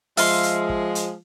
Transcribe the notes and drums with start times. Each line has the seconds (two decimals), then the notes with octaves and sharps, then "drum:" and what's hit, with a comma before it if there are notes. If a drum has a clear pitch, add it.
0.17 F3 G#3 E5 F5 C6, drum: open hi-hat
0.43 drum: hi-hat
0.69 drum: kick
0.95 drum: hi-hat